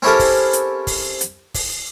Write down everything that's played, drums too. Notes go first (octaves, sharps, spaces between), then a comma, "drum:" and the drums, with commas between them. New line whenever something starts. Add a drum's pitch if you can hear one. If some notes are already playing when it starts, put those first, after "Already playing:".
C4 C#4 E4 G4 A4 A#4
drum: kick, open hi-hat
drum: hi-hat
drum: kick, open hi-hat
drum: hi-hat
drum: kick, open hi-hat